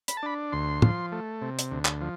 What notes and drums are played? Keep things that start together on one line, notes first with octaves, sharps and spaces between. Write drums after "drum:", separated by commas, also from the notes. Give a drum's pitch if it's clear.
B5, drum: hi-hat
A5
D4 B5
D2 C6
F3, drum: tom
A3
C3
drum: hi-hat
D2
drum: clap
F3